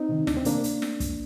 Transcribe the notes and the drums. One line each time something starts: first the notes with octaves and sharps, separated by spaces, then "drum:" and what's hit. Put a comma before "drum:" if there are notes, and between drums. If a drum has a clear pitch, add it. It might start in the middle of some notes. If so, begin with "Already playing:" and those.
Already playing: C4 D#4
C3 D#3
D2 D4, drum: snare
C4
C3 D#3 A#3 D4, drum: hi-hat
drum: hi-hat
drum: snare
drum: kick, hi-hat